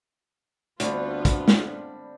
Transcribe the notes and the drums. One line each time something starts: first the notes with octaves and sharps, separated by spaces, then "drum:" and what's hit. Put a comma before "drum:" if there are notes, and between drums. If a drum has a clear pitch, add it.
D2 D3 G3 B3 C4 F4 B4, drum: hi-hat
drum: kick, hi-hat
drum: snare